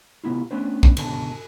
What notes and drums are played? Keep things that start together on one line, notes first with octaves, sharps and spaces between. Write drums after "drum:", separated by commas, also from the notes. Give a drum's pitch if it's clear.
C3 B3 E4 F4
A3 B3 C#4 D4 B4 C5
drum: kick
C#2 B2 D3 A4 A5, drum: cymbal